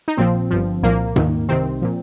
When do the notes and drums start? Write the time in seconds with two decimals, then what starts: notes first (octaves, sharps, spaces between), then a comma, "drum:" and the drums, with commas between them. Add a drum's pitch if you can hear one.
0.08 D#4
0.17 A#1 A#2 F3 C4
0.50 G1 G2 F3
0.83 C2 A#2 F3 A#3
1.16 D#2 D#3, drum: tom G#2
1.49 C2 C3 D#3 C4
1.82 A#2 F3